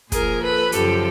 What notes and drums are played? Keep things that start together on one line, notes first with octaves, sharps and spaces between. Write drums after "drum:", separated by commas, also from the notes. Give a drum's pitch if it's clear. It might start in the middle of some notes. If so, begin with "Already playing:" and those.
A#2 F3 G#4 A#4, drum: kick, hi-hat
A4 B4
F#2 C#3 F3 G4 A4, drum: hi-hat